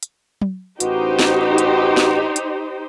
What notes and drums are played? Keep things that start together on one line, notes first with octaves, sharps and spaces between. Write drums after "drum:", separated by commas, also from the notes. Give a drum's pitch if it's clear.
drum: hi-hat
drum: tom F#3
A1 D#4 F#4 G4 B4 C5, drum: hi-hat
drum: snare
drum: hi-hat
drum: snare
drum: hi-hat